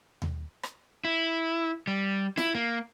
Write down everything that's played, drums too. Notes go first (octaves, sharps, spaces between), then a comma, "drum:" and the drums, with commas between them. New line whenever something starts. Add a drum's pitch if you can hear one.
drum: tom D#2
drum: rim click
E4
G3
E4, drum: snare
A#3